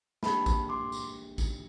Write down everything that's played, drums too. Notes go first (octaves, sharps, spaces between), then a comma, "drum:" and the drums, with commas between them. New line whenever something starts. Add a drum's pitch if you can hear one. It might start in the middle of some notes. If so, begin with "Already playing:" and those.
A#3 D4 G4 A5 B5, drum: snare
drum: kick A1, tambourine
C6 D6
drum: tambourine
drum: kick A1, tambourine